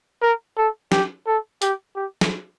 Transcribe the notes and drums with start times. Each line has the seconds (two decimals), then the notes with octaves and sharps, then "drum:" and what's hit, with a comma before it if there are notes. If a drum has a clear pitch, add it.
0.22 A#4
0.57 A4
0.92 G4, drum: snare
1.27 A4
1.62 G4, drum: hi-hat
1.95 G4
2.21 drum: snare